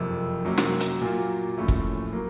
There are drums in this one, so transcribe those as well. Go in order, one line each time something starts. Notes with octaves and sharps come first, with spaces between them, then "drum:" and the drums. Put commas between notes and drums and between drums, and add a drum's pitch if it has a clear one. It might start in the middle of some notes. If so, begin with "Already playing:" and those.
Already playing: F#1 F2 C3
C3 F#3 A#3 C#4
drum: snare
drum: hi-hat
A#2 F#3 A#3 F4
A#1 A2 A3 C#4
drum: kick
F#3 A#3